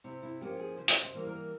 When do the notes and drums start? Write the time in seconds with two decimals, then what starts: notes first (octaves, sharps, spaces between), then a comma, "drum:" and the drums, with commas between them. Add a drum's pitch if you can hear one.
0.04 C3 E4
0.23 E4
0.41 F3 A#3 C#4 G4
0.59 G#4
0.77 C#3 C5
0.88 drum: hi-hat
1.03 C5
1.15 E3 G3 A#3
1.27 A#4